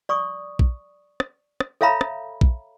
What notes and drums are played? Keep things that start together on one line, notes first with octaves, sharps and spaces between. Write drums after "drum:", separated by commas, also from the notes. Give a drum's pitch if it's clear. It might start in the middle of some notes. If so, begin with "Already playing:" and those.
D5 C#6 D#6
drum: kick A#1
drum: rim click
drum: rim click
A4 C#5 E5 F5 A#5 B5
drum: rim click
drum: kick A#1